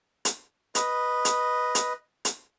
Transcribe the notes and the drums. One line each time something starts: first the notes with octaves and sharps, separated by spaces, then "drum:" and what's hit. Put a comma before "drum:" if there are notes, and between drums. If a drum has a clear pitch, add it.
drum: hi-hat
B4 D#5, drum: hi-hat
drum: hi-hat
drum: hi-hat
drum: hi-hat